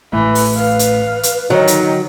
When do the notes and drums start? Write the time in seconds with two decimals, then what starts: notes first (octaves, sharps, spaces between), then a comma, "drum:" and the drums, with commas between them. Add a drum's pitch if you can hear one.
0.13 A1 A2 E3 A3 B4
0.35 drum: open hi-hat
0.57 B4 F5
0.79 drum: hi-hat
1.23 drum: hi-hat
1.50 D3 D#3 F#3 D#4
1.67 drum: hi-hat